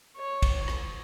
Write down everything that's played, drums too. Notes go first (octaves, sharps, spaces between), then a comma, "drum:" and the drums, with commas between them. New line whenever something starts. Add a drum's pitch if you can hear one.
C#5
drum: kick, cymbal
drum: rim click